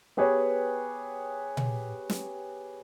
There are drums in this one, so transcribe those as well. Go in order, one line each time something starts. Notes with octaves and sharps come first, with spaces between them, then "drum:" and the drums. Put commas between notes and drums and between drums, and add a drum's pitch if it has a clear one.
B3 G4 G#4 B4 C#5
drum: tom A#2
drum: snare